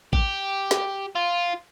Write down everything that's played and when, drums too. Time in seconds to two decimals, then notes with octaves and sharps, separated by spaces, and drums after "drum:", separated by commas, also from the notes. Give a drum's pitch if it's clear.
0.13 G4, drum: kick A1
0.71 drum: snare
1.16 F4